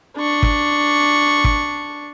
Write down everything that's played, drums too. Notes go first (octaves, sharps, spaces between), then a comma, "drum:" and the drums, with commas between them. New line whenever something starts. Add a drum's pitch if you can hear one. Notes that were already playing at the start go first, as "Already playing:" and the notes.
D4 C#6
drum: kick
drum: kick